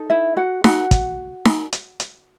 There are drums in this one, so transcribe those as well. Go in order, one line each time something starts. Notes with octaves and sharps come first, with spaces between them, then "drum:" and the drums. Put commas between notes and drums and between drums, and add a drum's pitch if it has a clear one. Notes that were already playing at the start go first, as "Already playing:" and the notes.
Already playing: D#4 A4
E4 E5
F#4 F#5
F#4 F#5, drum: snare D#4
drum: kick, hi-hat
drum: snare D#4
drum: hi-hat
drum: hi-hat